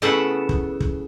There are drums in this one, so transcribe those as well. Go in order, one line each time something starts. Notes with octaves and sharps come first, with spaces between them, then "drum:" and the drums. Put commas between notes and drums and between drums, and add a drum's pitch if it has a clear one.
A2 C#3 B3 A4 E5 F#5
drum: kick
drum: kick